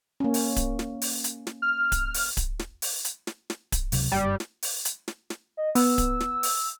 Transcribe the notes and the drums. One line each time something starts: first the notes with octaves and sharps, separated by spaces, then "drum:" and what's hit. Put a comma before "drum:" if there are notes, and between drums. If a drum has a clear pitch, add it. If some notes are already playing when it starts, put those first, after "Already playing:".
A#3 C#4
drum: open hi-hat
drum: kick D1, hi-hat
drum: snare
drum: open hi-hat
drum: hi-hat
drum: snare
F6
drum: kick D1, hi-hat
drum: open hi-hat
drum: kick D1, hi-hat
drum: snare
drum: open hi-hat
drum: hi-hat
drum: snare
drum: snare
drum: kick D1, hi-hat
C#2 C3 F#3, drum: open hi-hat
F#1 G2 G3
drum: snare
drum: open hi-hat
drum: hi-hat
drum: snare
drum: snare
D#5
B3 E6, drum: open hi-hat
drum: kick D1, hi-hat
drum: snare
drum: open hi-hat